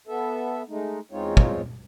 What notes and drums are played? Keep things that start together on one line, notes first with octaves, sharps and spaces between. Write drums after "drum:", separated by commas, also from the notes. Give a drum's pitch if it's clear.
B3 A4 E5
G#3 A3 D#4
E2 G#3 C4 D#4 F4 C#5
drum: kick